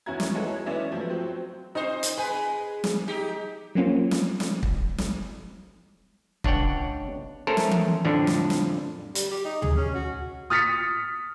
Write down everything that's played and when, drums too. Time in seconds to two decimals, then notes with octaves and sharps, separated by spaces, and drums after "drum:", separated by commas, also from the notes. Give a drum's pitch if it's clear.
0.06 E2 C#4 E4 F#4 A#5 G#6
0.20 drum: snare
0.35 G#3 B3 E4 F#4 A4 C#5
0.66 E3 G#3 B3 C#4 D5 E5
0.92 F3 F#3 A3
1.10 F#3 C4
1.75 C4 D#4 C5
2.03 drum: hi-hat
2.18 G#3 B4 G#5
2.84 drum: snare
3.08 D#4 G4 G#4
3.75 F#3 A#3 C4 C#4 F4
4.11 drum: snare
4.40 drum: snare
4.63 drum: kick
4.98 drum: snare
6.44 C#2 D4 C#5 F#5 G5, drum: kick
7.47 A3 C#4 A4 A#4 C5
7.57 drum: snare
7.71 drum: tom E3
8.05 F2 A2 D3 F3 D4
8.27 drum: snare
8.50 drum: snare
9.15 G3, drum: hi-hat
9.31 G4
9.45 D#4
9.62 G#4, drum: tom
9.76 C#4
9.95 F#4
10.50 D#6 F6 A6 B6 C#7